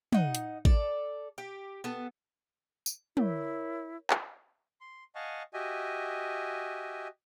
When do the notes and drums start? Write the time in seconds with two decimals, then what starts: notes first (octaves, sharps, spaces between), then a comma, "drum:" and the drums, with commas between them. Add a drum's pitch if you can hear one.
0.12 D#4 F#5, drum: tom
0.35 drum: hi-hat
0.65 A4 D5, drum: kick A1
1.38 G4
1.84 B3 A4
2.86 drum: tambourine
3.17 E4 A#4 C#5, drum: tom
4.10 drum: clap
4.81 C6
5.15 D#5 F5 F#5 G#5 A5 C#6
5.54 F#4 G4 D#5 E5 G#5